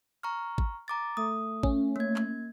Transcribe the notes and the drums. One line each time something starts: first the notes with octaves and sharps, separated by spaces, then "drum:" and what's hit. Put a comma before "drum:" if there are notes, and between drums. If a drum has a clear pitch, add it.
A#5 C#6 F6
drum: kick G#1
A#5 D6 A6
A3 D#6
C#4, drum: kick G#1
A#3 G#6
drum: clap